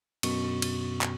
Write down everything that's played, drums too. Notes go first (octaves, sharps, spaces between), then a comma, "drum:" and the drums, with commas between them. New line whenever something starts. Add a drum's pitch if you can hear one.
F#2 B2 C#6, drum: cymbal
drum: cymbal
drum: clap